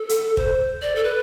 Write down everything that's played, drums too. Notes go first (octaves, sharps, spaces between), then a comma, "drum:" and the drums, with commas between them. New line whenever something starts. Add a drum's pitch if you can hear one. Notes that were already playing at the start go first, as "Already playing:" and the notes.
Already playing: A4
drum: hi-hat
C5, drum: kick
D5
A4
B4